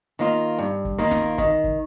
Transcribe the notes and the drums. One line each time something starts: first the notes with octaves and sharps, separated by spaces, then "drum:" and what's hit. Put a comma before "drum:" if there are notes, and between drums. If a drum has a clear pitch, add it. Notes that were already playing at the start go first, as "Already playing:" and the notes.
D#3 A#3 F4
G2
drum: kick
D#3 A#3 F4
drum: snare
D#3, drum: kick
drum: kick